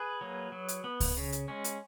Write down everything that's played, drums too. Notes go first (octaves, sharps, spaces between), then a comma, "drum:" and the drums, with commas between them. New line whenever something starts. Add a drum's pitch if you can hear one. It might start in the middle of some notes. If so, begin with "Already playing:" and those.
Already playing: G#4 B4
F#3 A#3
F#3
drum: hi-hat
B3
drum: kick C#2, open hi-hat
C#3
drum: hi-hat
G#3 C#4
drum: hi-hat